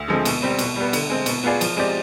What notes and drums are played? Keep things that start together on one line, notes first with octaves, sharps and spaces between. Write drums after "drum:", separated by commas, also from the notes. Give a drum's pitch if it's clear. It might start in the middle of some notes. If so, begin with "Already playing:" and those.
Already playing: D2
D3 F3 G#3 C4
B2, drum: cymbal
G3 C4 G4
B2, drum: cymbal
G3 B3
D3, drum: cymbal
G#3 C4
B2, drum: cymbal
B3 F4 G#4 D5
F3, drum: cymbal
G#3 C4 G4 D5